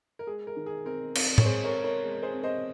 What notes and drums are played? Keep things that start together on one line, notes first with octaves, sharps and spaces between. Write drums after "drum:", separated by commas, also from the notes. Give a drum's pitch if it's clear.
A#4
G#3 G#4
A#4
D#3
G#4
C4 A#4
C4, drum: cymbal
C#5, drum: tom A2
G#3 G#4 C5
A#4 C#5
G#3
A#4 C#5
G#3
G#4 C5
C4
C5 D#5